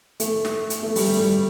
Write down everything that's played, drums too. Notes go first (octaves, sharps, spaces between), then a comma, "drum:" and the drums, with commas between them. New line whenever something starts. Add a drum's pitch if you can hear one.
A3, drum: hi-hat
drum: snare
drum: hi-hat
A3
G3, drum: open hi-hat
A3
G3